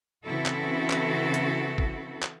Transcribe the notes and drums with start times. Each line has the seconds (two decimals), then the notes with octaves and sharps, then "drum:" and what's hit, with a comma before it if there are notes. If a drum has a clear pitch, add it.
0.24 C#3 E3 C4 E4 F#4 A4
0.46 drum: clap
0.90 drum: clap
1.34 drum: hi-hat
1.78 drum: kick
2.22 drum: clap